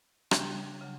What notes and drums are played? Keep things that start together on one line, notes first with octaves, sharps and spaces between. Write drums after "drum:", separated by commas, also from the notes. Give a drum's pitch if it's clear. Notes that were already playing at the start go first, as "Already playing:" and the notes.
C#3 G3 D4, drum: rim click
C#3 F#3